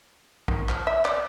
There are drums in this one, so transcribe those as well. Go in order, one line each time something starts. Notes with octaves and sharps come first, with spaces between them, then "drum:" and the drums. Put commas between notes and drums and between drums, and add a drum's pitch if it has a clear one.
D#3, drum: kick
F3, drum: clap
E5
D5, drum: clap